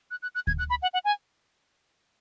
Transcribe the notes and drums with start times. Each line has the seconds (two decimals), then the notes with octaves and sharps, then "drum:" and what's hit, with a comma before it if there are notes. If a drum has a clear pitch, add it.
0.11 F#6
0.22 F#6
0.35 F#6
0.47 G#6, drum: kick D2
0.59 F#6
0.70 B5
0.82 F#5
0.94 F#5
1.05 G#5